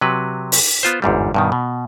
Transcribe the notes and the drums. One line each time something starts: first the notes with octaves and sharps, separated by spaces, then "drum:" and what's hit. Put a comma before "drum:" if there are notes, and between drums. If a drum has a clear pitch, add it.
C3 F#3 B4
drum: open hi-hat
B3 F4 C5
G1 E2 G#2 G3
G2 B2 D#3
B2